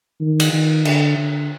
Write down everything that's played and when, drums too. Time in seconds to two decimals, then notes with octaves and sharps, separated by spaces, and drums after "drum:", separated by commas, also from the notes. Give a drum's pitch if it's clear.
0.21 D#3
0.40 drum: cymbal
0.53 D#3
0.85 D3, drum: cymbal
1.17 D3